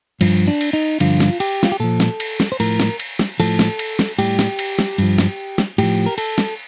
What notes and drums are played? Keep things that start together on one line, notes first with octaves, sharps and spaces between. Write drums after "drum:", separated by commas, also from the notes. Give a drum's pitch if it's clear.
G2 F3, drum: cymbal
D4
drum: cymbal
D#4
G2 D3 F3 F4, drum: cymbal
drum: snare
G4, drum: cymbal
F4, drum: snare
G4
A#2 F3 A4
drum: snare
drum: cymbal
drum: snare
C5
A2 F3 A#4, drum: cymbal
drum: snare
drum: cymbal
drum: snare
A2 F3 A4, drum: cymbal
drum: snare
drum: cymbal
drum: snare
A2 G3 G4, drum: cymbal
drum: snare
drum: cymbal
drum: snare
G2 F3, drum: cymbal
drum: snare
drum: snare
A2 F3 G4, drum: cymbal
A#4
A4, drum: cymbal
drum: snare